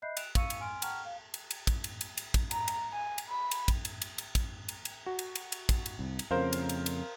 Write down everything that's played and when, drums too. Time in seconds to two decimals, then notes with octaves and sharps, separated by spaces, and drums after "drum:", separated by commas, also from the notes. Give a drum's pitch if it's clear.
0.02 D#5 E5 B5 F#6 G6 C7
0.17 F#6 D7 E7 F7, drum: cymbal
0.35 F5 C#6 E6 C#7 D#7, drum: kick, cymbal
0.50 drum: cymbal
0.60 G#5 C6 F6 D7
0.82 F#5 G5 A5 A#5 C#6 F6, drum: cymbal
1.05 F5
1.34 drum: cymbal
1.51 drum: cymbal
1.67 drum: kick, cymbal
1.84 drum: cymbal
2.01 drum: cymbal
2.17 drum: cymbal
2.34 drum: kick, cymbal
2.51 A#5, drum: cymbal
2.68 drum: cymbal
2.92 G#5
3.18 drum: cymbal
3.29 B5
3.51 drum: cymbal
3.68 drum: kick, cymbal
3.85 drum: cymbal
4.02 drum: cymbal
4.18 drum: cymbal
4.35 drum: kick, cymbal
4.69 drum: cymbal
4.85 drum: cymbal
5.06 F#4
5.19 drum: cymbal
5.35 drum: cymbal
5.52 drum: cymbal
5.69 drum: kick, cymbal
5.86 drum: cymbal
5.99 C2
6.19 drum: cymbal
6.31 F2 C#3 A#4 C5 F5
6.53 drum: cymbal
6.69 drum: cymbal
6.86 drum: cymbal